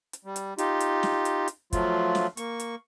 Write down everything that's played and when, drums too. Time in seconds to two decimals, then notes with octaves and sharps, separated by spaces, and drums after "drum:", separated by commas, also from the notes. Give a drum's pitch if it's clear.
0.13 drum: hi-hat
0.25 G3
0.36 drum: hi-hat
0.58 D#4 F4 G4, drum: hi-hat
0.80 drum: hi-hat
1.03 drum: snare
1.25 drum: hi-hat
1.48 drum: hi-hat
1.73 F3 F#3 A3 F4, drum: kick, hi-hat
2.15 drum: snare
2.37 A#3 C#6, drum: hi-hat
2.60 drum: hi-hat